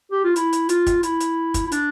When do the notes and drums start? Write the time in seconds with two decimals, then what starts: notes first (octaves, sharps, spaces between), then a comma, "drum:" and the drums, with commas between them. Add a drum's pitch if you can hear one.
0.12 G4
0.24 F4
0.36 E4, drum: hi-hat
0.53 drum: hi-hat
0.69 F4, drum: hi-hat
0.87 drum: kick, hi-hat
1.03 E4, drum: hi-hat
1.20 drum: hi-hat
1.54 drum: kick, hi-hat
1.67 E4
1.72 D4, drum: hi-hat